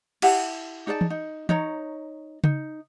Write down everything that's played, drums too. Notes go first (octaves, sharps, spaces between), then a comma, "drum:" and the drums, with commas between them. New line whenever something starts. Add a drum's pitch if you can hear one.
E4 G4 F#5 A5, drum: cymbal
D#4 G#4 D5 A5
drum: tom
D#4
D#4 C#5 A#5, drum: tom
D#4, drum: tom C#3